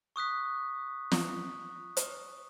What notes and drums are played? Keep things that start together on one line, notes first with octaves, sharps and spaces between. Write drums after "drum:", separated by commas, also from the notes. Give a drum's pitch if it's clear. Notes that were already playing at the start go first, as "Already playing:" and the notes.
C#6 D#6 F#6 B6
drum: snare
drum: hi-hat